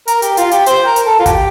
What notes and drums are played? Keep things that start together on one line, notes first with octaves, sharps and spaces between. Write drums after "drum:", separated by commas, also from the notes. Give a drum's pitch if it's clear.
A#4, drum: hi-hat
G4, drum: hi-hat
F4, drum: hi-hat
G4, drum: hi-hat
C5, drum: hi-hat
A#4
drum: hi-hat
A4
F4
G4, drum: kick G#1, hi-hat